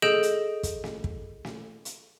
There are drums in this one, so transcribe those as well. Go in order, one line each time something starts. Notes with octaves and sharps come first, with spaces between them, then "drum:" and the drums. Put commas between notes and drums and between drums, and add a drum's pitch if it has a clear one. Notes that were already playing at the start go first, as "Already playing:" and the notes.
G#4 A4 D#5 G6 D7 E7, drum: snare
drum: hi-hat
drum: kick, hi-hat
drum: snare
drum: kick
drum: snare
drum: hi-hat